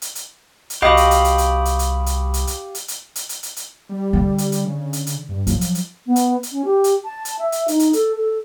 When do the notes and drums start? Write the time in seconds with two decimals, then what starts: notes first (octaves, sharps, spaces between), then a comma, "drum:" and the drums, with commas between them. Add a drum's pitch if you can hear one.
0.02 drum: hi-hat
0.15 drum: hi-hat
0.70 drum: hi-hat
0.82 C2 F#4 G4 D#5 F5 B5 D6 D#6
0.97 drum: hi-hat
1.11 drum: hi-hat
1.24 drum: hi-hat
1.38 drum: hi-hat
1.65 drum: hi-hat
1.79 drum: hi-hat
2.06 drum: hi-hat
2.34 drum: hi-hat
2.47 drum: hi-hat
2.75 drum: hi-hat
2.88 drum: hi-hat
3.16 drum: hi-hat
3.29 drum: hi-hat
3.43 drum: hi-hat
3.56 drum: hi-hat
3.89 G3
4.13 D3
4.38 drum: hi-hat
4.52 drum: hi-hat
4.65 C#3
4.93 drum: hi-hat
5.07 drum: hi-hat
5.29 G2
5.47 F3 F#3, drum: hi-hat
5.61 drum: hi-hat
5.75 drum: hi-hat
6.06 B3
6.16 drum: hi-hat
6.43 drum: hi-hat
6.52 C#4
6.65 G4
6.84 drum: hi-hat
7.04 A5
7.25 drum: hi-hat
7.39 E5
7.52 drum: hi-hat
7.68 D#4, drum: hi-hat
7.80 drum: hi-hat
7.93 A4, drum: hi-hat
8.17 A4